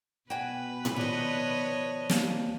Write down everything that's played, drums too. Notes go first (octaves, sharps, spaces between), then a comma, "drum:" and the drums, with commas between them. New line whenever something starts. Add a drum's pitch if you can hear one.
B2 F#4 B4 G5 G#5
drum: tom A2
D#3 F3 D4 C#5 D#5
D#2 G3 A#3, drum: snare